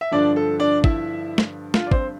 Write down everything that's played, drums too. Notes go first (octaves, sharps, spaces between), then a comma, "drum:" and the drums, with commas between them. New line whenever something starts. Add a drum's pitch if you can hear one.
E5
G2 D3 F3 D4 D5
A4
D4 D5
E4 E5, drum: kick
drum: snare
F4 F5, drum: snare
D5
C4 C5, drum: kick